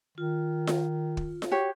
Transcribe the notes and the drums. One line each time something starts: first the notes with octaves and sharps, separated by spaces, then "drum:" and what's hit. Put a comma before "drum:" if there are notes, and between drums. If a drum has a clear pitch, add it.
D#3 F4
drum: snare F4
drum: kick
drum: snare F4
F#4 G4 C#5